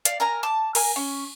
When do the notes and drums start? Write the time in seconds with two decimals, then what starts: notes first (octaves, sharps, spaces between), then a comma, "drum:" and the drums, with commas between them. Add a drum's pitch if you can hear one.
0.05 D5 F5, drum: hi-hat
0.20 A#4 G#5 A#5
0.43 A5 D6
0.75 A#4 G#5, drum: cymbal
0.96 C#4